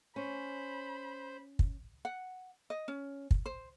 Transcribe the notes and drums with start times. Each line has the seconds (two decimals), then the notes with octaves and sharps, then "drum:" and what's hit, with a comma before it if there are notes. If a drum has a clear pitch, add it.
0.16 C#4 C5 B5
1.59 drum: kick
2.05 F#5
2.70 D#5
2.88 C#4
3.31 drum: kick
3.46 C5